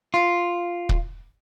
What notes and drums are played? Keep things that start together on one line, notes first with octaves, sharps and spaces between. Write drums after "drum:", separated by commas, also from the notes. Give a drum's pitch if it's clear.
F4
drum: kick